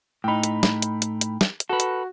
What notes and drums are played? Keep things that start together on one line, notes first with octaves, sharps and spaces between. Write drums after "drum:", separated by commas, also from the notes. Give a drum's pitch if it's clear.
A2 D#4 G5 B5
drum: hi-hat
drum: snare
drum: hi-hat
drum: hi-hat
drum: hi-hat
drum: snare
drum: hi-hat
F#4 A4 B4
drum: hi-hat